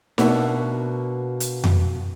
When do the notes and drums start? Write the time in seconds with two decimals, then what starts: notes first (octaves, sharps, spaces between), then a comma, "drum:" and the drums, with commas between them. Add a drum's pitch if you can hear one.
0.18 B2 A#3 B3 D4 F#4 E5, drum: snare D#4
1.40 drum: hi-hat
1.64 drum: tom F2